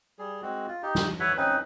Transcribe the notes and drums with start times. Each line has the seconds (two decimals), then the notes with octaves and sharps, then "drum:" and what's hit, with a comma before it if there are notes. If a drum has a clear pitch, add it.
0.19 G3 G#4
0.42 G#3 C4 F#4
0.68 F4
0.83 D#4 G4
0.95 drum: snare
1.20 B4 C#5 E5 F#5
1.37 C4 C#4 D#4 B4